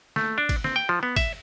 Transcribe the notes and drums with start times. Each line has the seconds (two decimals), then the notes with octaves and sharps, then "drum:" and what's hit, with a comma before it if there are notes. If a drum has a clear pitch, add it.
0.16 A3, drum: snare
0.38 D4
0.49 drum: kick, cymbal
0.64 C4, drum: snare
0.76 G5
0.89 F3
1.03 B3
1.16 E5, drum: kick, cymbal